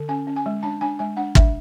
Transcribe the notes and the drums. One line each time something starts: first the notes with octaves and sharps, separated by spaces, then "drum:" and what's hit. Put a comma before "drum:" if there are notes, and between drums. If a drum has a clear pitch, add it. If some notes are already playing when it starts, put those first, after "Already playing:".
Already playing: D3
C#4 G#5
C#4
G#5
G#3
D4 A5
D4 G#5
G#3 G#5
D4 F#5
D4 E5, drum: kick